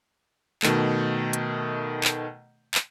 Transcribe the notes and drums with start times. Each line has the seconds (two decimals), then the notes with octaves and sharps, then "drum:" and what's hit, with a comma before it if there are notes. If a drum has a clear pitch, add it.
0.63 B2 D#3 A3, drum: clap
1.33 drum: hi-hat
2.04 drum: clap
2.75 drum: clap